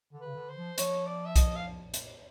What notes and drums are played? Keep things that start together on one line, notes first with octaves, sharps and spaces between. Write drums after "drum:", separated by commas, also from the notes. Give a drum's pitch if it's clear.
D3
C#3 B4
D3
C5
F3
F3 C#5, drum: hi-hat
D5
E5
D#5, drum: kick, hi-hat
F5
drum: hi-hat